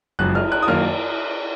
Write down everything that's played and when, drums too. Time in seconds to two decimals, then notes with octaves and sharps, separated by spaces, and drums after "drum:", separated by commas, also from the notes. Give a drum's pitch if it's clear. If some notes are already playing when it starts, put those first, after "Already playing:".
0.19 F#1 F#2 F3 G#3 F#6
0.35 F6, drum: cymbal
0.52 F#6, drum: cymbal
0.63 D#6
0.68 F#2 D#3 A#3 F6